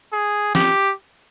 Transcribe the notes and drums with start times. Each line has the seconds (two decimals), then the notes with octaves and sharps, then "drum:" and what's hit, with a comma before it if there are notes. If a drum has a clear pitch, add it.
0.13 G#4
0.55 G4, drum: snare